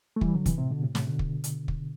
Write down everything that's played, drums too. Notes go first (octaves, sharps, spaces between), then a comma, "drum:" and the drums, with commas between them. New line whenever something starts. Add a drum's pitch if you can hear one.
A3
E3 G3, drum: kick
D3 F#3
C3 E3, drum: kick, hi-hat
A2 C3
B2 D3
A2 C3
A2 C3, drum: snare
B2 D3
drum: kick
drum: hi-hat
drum: kick